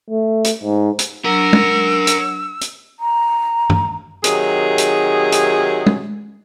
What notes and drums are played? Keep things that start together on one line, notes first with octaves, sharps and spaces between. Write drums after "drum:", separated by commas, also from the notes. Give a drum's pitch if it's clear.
A3
drum: hi-hat
G#2
drum: hi-hat
F#2 F#3 C#4 D4 A#4 E6
drum: tom
drum: hi-hat
drum: hi-hat
A#5
drum: tom G2
C3 D#3 F#3 G#4, drum: hi-hat
drum: hi-hat
drum: hi-hat
drum: tom